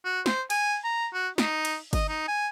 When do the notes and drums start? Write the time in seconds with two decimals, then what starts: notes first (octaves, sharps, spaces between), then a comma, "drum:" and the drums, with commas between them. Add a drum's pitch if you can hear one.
0.05 F#4
0.26 C5, drum: snare
0.50 G#5, drum: cymbal
0.84 A#5
1.14 F#4
1.38 D#4, drum: snare
1.65 drum: cymbal
1.93 D#5, drum: kick, cymbal
2.08 D#4
2.28 G#5